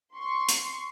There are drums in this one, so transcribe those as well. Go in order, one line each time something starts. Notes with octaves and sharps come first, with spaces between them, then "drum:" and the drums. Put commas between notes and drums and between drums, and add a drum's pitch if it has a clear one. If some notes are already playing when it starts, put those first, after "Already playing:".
C6 C#6
drum: hi-hat